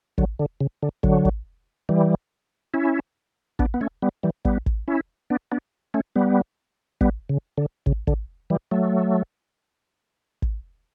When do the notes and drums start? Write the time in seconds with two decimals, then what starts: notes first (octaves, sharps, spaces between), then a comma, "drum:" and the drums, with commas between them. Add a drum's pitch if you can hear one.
0.18 D3 F#3, drum: kick
0.39 D3
0.61 C#3
0.83 D3
1.03 D3 F#3, drum: kick
1.25 drum: kick
1.89 E3 G3
2.74 C#4 E4
3.59 B3 D4, drum: kick
3.74 B3
3.81 A3 C#4
4.02 G3 B3
4.23 E3 G3
4.45 G3 B3, drum: kick
4.66 drum: kick
4.88 C#4 E4
5.30 B3 D4
5.52 B3 D4
5.94 A3 C#4
6.16 G3 B3
7.01 G3 B3, drum: kick
7.29 C#3
7.57 D3
7.86 C#3, drum: kick
8.07 D3, drum: kick
8.50 E3 G3
8.71 F#3 A3
10.42 drum: kick